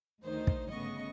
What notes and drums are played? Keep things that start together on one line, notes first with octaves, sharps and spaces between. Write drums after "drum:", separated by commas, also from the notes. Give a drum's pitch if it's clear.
D2 D#3 D#4 C5
drum: kick
G1 C#3 A3 B3 D#5 C#6